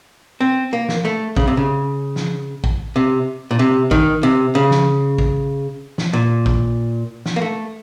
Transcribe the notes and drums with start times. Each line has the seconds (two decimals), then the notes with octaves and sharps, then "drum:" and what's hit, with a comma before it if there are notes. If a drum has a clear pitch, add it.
0.41 C4
0.73 A#3
0.89 drum: snare
1.05 A3
1.37 C#3, drum: kick
1.48 C3
1.57 C#3
2.16 drum: snare
2.64 drum: kick
2.96 C3
3.51 A#2
3.59 C3
3.91 D#3, drum: kick
4.23 C3
4.55 C#3
4.71 drum: snare
5.18 drum: kick
5.98 drum: snare
6.13 A#2
6.46 drum: kick
7.26 drum: snare
7.36 A#3
7.42 A3